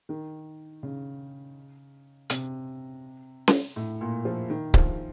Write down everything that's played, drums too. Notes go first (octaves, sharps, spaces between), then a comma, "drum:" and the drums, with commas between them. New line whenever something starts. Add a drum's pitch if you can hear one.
D#3
C#3
C3, drum: hi-hat
drum: snare C#4
A2
A#2
F3
D#3
F3, drum: kick C#1